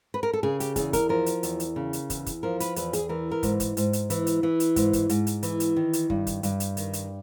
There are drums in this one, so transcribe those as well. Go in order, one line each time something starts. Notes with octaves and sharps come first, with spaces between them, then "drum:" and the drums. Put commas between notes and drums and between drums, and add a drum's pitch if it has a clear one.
B4
A#4
A4
C#3 G#4
G4, drum: hi-hat
E2 G#4, drum: kick, hi-hat
A#4, drum: kick, hi-hat
F3 A#4
drum: hi-hat
E2, drum: hi-hat
drum: hi-hat
C#3
drum: hi-hat
E2, drum: kick, hi-hat
drum: kick, hi-hat
F3 A#4
B4, drum: hi-hat
E2 B4, drum: hi-hat
G#4, drum: hi-hat
E3 A#4
A#4
G#2, drum: kick, hi-hat
drum: kick, hi-hat
G#2, drum: hi-hat
drum: hi-hat
E3, drum: hi-hat
drum: hi-hat
E3
drum: hi-hat
G#2, drum: kick, hi-hat
drum: kick, hi-hat
G#2, drum: hi-hat
drum: hi-hat
E3, drum: hi-hat
drum: hi-hat
D#3
drum: hi-hat
G2, drum: kick
drum: kick, hi-hat
G2, drum: hi-hat
drum: hi-hat
D#3, drum: hi-hat
drum: hi-hat